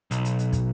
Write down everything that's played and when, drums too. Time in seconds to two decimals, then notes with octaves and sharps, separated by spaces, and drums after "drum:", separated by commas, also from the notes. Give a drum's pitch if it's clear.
0.11 B1, drum: hi-hat
0.25 drum: hi-hat
0.39 drum: hi-hat
0.53 drum: kick, hi-hat